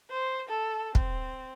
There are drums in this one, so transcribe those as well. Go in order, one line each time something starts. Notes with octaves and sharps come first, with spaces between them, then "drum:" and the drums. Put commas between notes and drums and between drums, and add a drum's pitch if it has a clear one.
C5
A4
C4, drum: kick